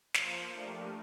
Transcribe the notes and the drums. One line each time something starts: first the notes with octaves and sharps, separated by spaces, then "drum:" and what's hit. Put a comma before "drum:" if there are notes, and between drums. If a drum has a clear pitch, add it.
F3 A#3 F4 C5, drum: snare
F3 A3 D4 G4 A#4